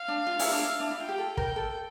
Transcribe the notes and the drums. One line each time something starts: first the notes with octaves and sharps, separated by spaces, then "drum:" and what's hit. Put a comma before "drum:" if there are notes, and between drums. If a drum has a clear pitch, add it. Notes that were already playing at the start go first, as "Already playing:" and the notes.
Already playing: F5
D4
F4
E4, drum: open hi-hat
D4
E4
D4
E4
F4 G5
G4
A4
A#4 G5, drum: kick
A4